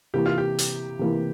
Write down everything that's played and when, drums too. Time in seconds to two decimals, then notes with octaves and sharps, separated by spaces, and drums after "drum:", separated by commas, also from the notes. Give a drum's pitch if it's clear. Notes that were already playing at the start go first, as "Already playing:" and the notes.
0.14 C3 E3 A#3 E4 G4
0.26 F4
0.38 G4
0.59 drum: hi-hat
0.99 C3 E3 A#3 E4